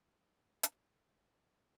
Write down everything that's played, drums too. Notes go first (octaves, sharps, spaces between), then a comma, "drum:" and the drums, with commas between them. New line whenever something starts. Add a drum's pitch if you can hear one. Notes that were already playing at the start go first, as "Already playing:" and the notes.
Already playing: A#2 G#3 D#4
A#4
C4, drum: hi-hat
C#4
F2 D#3 G#3 C#4